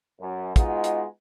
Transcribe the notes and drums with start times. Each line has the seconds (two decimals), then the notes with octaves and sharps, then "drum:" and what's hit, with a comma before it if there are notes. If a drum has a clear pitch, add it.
0.20 F#2
0.56 G#3 B3 D#4 F4 F#4, drum: kick, hi-hat
0.84 drum: hi-hat